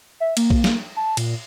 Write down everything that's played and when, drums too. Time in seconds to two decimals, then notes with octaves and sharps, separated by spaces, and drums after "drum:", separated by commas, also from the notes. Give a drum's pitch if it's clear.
0.20 E5
0.37 A#3, drum: cymbal
0.50 drum: kick A#1
0.64 drum: snare
0.96 A5
1.17 A#2, drum: cymbal